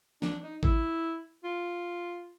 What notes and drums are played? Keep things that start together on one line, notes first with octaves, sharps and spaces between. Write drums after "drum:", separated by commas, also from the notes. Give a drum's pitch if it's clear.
D4, drum: snare
D#4
E4, drum: kick A1
F4